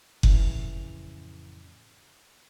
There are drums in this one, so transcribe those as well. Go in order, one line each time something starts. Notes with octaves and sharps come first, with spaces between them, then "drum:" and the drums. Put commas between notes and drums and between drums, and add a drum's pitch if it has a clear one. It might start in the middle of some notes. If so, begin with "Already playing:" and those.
F2 A2 C#3 E3, drum: kick F#1